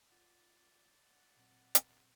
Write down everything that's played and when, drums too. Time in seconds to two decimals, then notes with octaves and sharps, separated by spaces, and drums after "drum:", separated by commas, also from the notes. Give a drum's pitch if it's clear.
0.11 F4 D5 F#5
1.03 F#5
1.37 A#2 F#3 C4
1.75 drum: hi-hat